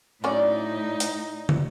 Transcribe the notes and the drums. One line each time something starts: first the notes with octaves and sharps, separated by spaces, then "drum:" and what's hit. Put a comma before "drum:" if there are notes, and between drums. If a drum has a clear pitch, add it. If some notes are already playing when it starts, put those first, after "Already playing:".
A2 F#3 C#4 D#4 D5
drum: hi-hat
drum: tom